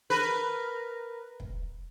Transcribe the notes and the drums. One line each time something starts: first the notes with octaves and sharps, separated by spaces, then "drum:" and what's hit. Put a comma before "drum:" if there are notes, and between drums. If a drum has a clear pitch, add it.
A#4 B4
drum: kick